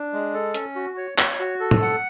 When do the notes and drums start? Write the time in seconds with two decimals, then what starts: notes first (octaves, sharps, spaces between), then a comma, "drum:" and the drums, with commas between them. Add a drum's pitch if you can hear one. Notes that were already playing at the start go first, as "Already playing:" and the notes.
Already playing: D4
0.13 G#3
0.34 A4
0.54 C#4, drum: hi-hat
0.75 F#4
0.97 C#5
1.18 C#5, drum: clap
1.39 F#4
1.60 A4
1.71 drum: tom A2
1.82 F#5